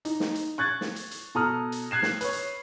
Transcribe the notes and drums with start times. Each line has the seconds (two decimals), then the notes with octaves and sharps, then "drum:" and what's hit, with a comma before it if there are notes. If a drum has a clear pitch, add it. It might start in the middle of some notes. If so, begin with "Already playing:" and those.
0.05 D#4, drum: hi-hat
0.20 drum: snare
0.35 drum: hi-hat
0.58 C#6 F#6 G#6 A6
0.81 drum: snare
0.96 drum: hi-hat
1.11 drum: hi-hat
1.35 B2 A4 A#5 D#6 F6
1.72 drum: hi-hat
1.91 F#6 G#6 C7 E7
2.03 drum: snare
2.21 B4 C#5, drum: hi-hat
2.33 drum: hi-hat